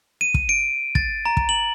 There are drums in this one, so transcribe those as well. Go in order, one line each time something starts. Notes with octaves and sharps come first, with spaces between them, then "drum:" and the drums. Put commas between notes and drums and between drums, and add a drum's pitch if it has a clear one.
D#7
drum: kick
D7
A6, drum: kick
A#5
drum: kick
F#7